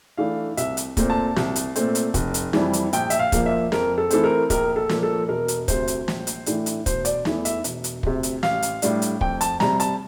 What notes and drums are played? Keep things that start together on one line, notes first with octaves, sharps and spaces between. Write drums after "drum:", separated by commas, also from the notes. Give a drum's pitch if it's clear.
E3 A3 D4 F5
C2 E5, drum: hi-hat
drum: hi-hat
A#2 A3 C4, drum: kick, hi-hat
A5
C2, drum: snare
drum: hi-hat
A#2 A3 C4, drum: hi-hat
drum: hi-hat
F1, drum: kick, hi-hat
drum: hi-hat
F2 E3 G3, drum: snare
drum: hi-hat
A#1 G5, drum: hi-hat
E5, drum: hi-hat
F5
A#2 F3 A#3, drum: kick, hi-hat
E5
F2 A#4, drum: snare
A4
E3 A3 C4 A4, drum: hi-hat
A#4
A#1 A#4, drum: kick, hi-hat
A4
A#2 F3 A#3, drum: snare
A4
E1 A#4
drum: hi-hat
D2 C3 C5, drum: kick, hi-hat
drum: hi-hat
A#1, drum: snare
drum: hi-hat
A2 E3 A3 D4, drum: hi-hat
drum: hi-hat
E1 C5, drum: kick, hi-hat
D5, drum: hi-hat
E2 E3 A3, drum: snare
E5, drum: hi-hat
E1, drum: hi-hat
drum: hi-hat
D2 C3, drum: kick
drum: hi-hat
A1 F5, drum: snare
drum: hi-hat
A2 G3 D4, drum: hi-hat
drum: hi-hat
F2 G5, drum: kick
A5, drum: hi-hat
C3 G3 A#5, drum: snare
A5, drum: hi-hat